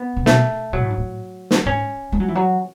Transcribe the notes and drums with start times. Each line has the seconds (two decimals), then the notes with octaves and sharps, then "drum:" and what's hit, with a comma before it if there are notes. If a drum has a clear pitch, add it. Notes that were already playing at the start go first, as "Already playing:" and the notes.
Already playing: B3
0.17 C#3
0.26 B2 A3, drum: snare
0.73 B2 F#3
0.81 A2
0.90 G#2
0.98 A2
1.51 drum: snare
1.65 G#2 C#4
2.12 G#3
2.20 F#3
2.28 E3
2.35 F#3